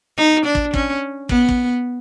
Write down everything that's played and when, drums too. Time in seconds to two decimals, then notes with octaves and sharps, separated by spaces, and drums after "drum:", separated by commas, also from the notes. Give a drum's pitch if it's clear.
0.17 D#4
0.45 D4
0.55 drum: kick
0.74 C#4, drum: kick
1.29 B3, drum: kick
1.49 drum: kick